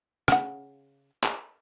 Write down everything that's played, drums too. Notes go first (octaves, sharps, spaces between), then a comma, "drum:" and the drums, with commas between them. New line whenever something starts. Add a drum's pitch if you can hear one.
C#3 F#5, drum: rim click
drum: clap